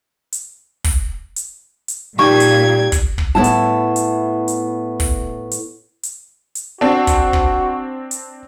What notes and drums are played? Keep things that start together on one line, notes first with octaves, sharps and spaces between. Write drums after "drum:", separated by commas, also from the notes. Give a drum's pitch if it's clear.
drum: hi-hat
drum: kick, open hi-hat
drum: hi-hat
drum: hi-hat
A#2 G3 D#4 C#6 G#6
drum: hi-hat
drum: kick, hi-hat
drum: kick
A2 B3 E4 A5
drum: hi-hat
drum: hi-hat
drum: hi-hat
drum: kick, open hi-hat
drum: hi-hat
drum: hi-hat
drum: hi-hat
C4 D4 F#4
drum: kick, hi-hat
drum: kick
drum: hi-hat